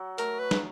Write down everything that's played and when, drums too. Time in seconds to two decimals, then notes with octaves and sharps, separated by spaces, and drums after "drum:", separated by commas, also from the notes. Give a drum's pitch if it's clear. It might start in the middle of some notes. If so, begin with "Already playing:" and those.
Already playing: F#3
0.18 A3 A#4, drum: hi-hat
0.40 B4
0.51 drum: snare